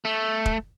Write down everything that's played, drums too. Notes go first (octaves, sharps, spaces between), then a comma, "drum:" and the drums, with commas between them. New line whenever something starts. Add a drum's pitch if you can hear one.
A3
drum: kick